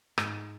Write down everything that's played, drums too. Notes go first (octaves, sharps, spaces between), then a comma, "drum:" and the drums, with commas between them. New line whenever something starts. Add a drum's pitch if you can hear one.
G#2, drum: rim click